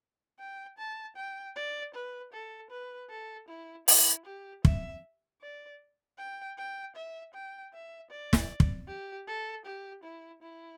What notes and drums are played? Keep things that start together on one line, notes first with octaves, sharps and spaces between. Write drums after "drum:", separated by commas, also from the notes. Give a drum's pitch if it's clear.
G5
A5
G5
D5
B4
A4
B4
A4
E4
E4, drum: open hi-hat
G4
E5, drum: kick
D5
G5
G5
E5
G5
E5
D5
drum: snare
drum: kick
G4
A4
G4
E4
E4